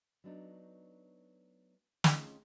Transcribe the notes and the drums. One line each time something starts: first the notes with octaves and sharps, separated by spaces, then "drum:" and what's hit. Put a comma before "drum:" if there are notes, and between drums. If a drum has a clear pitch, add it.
F#3 A3 B3 D4 D#4
C4 C#4 F4 G#4 D#5, drum: snare